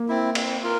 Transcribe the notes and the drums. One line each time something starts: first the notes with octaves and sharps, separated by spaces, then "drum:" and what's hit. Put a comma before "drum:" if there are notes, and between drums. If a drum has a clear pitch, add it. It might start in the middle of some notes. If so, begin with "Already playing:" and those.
Already playing: A#3
C4 E4
C4, drum: cymbal
F4 A#4